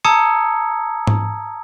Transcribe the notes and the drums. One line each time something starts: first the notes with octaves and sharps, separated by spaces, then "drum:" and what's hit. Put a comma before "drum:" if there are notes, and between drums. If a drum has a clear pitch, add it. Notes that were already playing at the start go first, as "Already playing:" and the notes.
A5 A#5 D#6 E6 G#6 C#7
drum: tom G#2